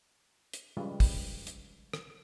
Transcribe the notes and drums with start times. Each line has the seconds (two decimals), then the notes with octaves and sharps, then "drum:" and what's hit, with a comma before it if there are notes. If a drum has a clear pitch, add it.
0.53 drum: hi-hat
0.77 C#3 F3 G3 G#3 F4 B4
1.00 drum: kick, open hi-hat
1.47 drum: hi-hat
1.93 drum: rim click